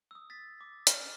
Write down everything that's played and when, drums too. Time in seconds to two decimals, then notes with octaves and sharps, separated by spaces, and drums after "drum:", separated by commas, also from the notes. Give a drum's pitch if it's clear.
0.11 D#6 E6
0.30 A6 B6
0.61 D6
0.87 F6, drum: hi-hat